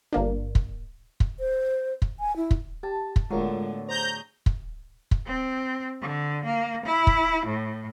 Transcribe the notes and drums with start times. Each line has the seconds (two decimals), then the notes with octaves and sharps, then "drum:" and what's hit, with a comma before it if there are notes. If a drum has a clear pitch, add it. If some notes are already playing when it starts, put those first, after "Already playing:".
0.13 G1 A#3 D4
0.55 drum: kick
1.20 drum: kick
1.40 C5
2.02 drum: kick
2.20 G#5
2.37 E4
2.51 drum: kick
2.83 G4 A5
3.16 drum: kick
3.30 A2 D3 F#3 G#3 B3 F4 A#4
3.88 G#4 C5 A#5 G6
4.46 drum: kick
5.11 drum: kick
5.26 C4
6.02 D3
6.45 A#3
6.85 E4
7.07 drum: kick
7.46 A2